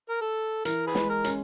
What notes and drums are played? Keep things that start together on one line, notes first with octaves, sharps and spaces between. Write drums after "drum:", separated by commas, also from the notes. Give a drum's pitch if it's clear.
A#4
A4
E3 A#4, drum: hi-hat
G#4 B4
G#3, drum: snare
A#4
C#4, drum: hi-hat